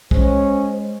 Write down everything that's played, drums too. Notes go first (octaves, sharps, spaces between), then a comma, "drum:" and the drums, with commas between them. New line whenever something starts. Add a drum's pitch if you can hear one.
G#3 C#4 C5, drum: kick